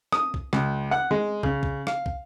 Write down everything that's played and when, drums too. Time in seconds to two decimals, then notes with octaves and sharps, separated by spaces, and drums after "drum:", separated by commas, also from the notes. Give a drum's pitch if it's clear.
0.12 D#6, drum: rim click
0.34 drum: kick
0.53 C#2, drum: rim click
0.91 F#5
1.11 G#3
1.43 C#3, drum: kick
1.63 drum: kick
1.87 F5, drum: rim click
2.06 drum: kick